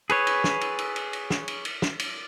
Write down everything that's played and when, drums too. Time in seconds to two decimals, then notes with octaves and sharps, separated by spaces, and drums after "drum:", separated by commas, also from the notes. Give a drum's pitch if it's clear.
0.10 G#4 B4 C#5, drum: cymbal
0.27 drum: cymbal
0.44 drum: snare
0.61 drum: cymbal
0.79 drum: cymbal
0.96 drum: cymbal
1.13 drum: cymbal
1.30 drum: snare
1.48 drum: cymbal
1.65 drum: cymbal
1.82 drum: snare
2.00 drum: cymbal